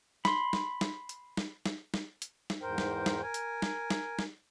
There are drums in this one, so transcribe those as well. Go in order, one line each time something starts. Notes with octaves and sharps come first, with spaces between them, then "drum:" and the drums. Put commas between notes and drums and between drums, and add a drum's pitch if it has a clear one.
B5 C6, drum: snare
drum: snare
drum: snare
drum: hi-hat
drum: snare
drum: snare
drum: snare
drum: hi-hat
drum: snare
E2 G#2 A#4 C5 G5
drum: snare
drum: snare
A#4 G#5
drum: hi-hat
drum: snare
drum: snare
drum: snare